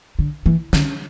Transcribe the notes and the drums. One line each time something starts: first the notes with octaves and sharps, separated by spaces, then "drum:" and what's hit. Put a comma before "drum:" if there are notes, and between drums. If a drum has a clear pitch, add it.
D3
E3
D3, drum: snare